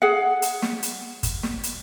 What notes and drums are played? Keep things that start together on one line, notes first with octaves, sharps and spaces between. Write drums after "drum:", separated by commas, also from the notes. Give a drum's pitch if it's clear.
G#4 F#5
drum: hi-hat
drum: snare
drum: hi-hat
drum: kick G1, hi-hat
drum: snare
drum: hi-hat